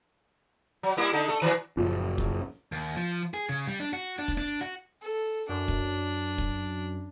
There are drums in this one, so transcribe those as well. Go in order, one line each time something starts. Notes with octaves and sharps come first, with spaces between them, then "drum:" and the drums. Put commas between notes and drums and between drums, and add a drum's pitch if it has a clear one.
F#3
G3 A#3 E4
D3 D#4 A4
A3 A4
D#3 E3 F#3
F#1 A#2 F3
drum: kick
D#2
F3
G#4
C#3
G3
D4
F#4
D4
drum: kick
D4
F#4
A4
F#2 D4
drum: kick
drum: kick